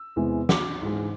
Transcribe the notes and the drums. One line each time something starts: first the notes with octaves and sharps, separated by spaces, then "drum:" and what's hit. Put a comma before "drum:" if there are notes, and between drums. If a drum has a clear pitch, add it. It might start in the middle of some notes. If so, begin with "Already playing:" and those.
Already playing: E6
E2 C3 E3 G#3
D6, drum: snare
G#2 E3 G#3